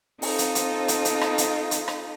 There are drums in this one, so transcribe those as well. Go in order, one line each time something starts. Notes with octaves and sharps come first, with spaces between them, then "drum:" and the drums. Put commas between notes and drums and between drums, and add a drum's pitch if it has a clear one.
C4 D#4 F4 A4, drum: open hi-hat
drum: hi-hat
drum: hi-hat
drum: hi-hat
drum: hi-hat
drum: rim click
drum: hi-hat
drum: hi-hat
drum: rim click